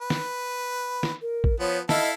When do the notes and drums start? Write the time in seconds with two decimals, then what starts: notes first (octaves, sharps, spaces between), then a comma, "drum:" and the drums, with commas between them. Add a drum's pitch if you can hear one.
0.01 B4
0.10 drum: snare
1.03 drum: snare
1.22 A#4
1.44 drum: kick
1.60 F3 B3 C#5
1.89 E4 A4 D#5 F5, drum: snare